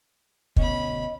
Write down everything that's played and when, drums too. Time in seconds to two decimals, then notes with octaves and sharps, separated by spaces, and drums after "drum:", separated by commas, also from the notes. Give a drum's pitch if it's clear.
0.56 D2 B2 C#4 D#5 B5, drum: kick